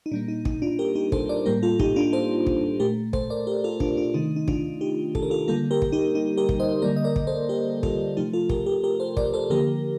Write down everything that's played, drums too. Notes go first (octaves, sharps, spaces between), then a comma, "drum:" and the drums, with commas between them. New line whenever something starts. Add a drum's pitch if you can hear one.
D#4
A#2 G3 A#3 D4
D#4
D#4, drum: kick
D4 F4
G4 A#4
D#4 G4
A4 C5, drum: kick
A#4 D5
A2 G3 A#3 G4 A#4
F4 A4
D#4 G4, drum: kick
D4 F4
A4 C5
drum: kick
A#2 A3 G4 A#4
A4 C5, drum: kick
A#4 D5
G4 A#4
F4 A4
D4 F4, drum: kick
D4 F4
C3 D#3 A3 D#4
D#4
D4 F4, drum: kick
D#4 G4
A4, drum: kick
A#4
F4 A4
D3 G3 A#3 F4 A4
G4 A#4
drum: kick
D#4 G4
D#4
G4 A#4
drum: kick
C5 D#5
D3 G3 A#3 A#4 D5
D#5
A#4 D5
drum: kick
A4 C5
G4 A#4
F4 A4, drum: kick
C3 F3 A3 D#4 G4
F4 A4
G4 A#4, drum: kick
G4 A#4
G4 A#4
A4 C5
A#4 D5, drum: kick
A4 C5
D3 F3 A#3 G4 A#4